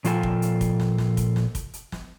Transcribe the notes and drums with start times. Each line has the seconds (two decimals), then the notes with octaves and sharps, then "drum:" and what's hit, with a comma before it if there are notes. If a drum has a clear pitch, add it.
0.05 A#2 F3 F4 A4 G5 G#5, drum: hi-hat
0.23 drum: kick
0.42 drum: hi-hat
0.61 drum: kick, hi-hat
0.80 drum: snare
0.98 drum: snare
1.17 drum: kick, hi-hat
1.36 drum: snare
1.55 drum: kick, hi-hat
1.74 drum: hi-hat
1.92 drum: snare